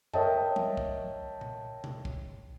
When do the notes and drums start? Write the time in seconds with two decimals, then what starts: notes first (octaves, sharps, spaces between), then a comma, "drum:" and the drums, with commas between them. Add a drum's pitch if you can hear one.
0.14 A#4 C#5 D#5 E5 G5 A5, drum: tom F#2
0.56 drum: tom
0.77 drum: kick
1.41 drum: tom
1.84 drum: tom
2.05 drum: kick